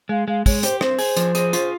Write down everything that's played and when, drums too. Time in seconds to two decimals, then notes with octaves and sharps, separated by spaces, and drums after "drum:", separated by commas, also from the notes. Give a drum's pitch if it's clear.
0.09 G#3 F5
0.28 G#3 F5
0.46 G#3 C#5, drum: kick, open hi-hat
0.63 G4 C5, drum: hi-hat
0.81 C4 C5, drum: rim click
0.99 G#4, drum: open hi-hat
1.17 F3, drum: hi-hat
1.35 G#4, drum: hi-hat
1.53 F4, drum: hi-hat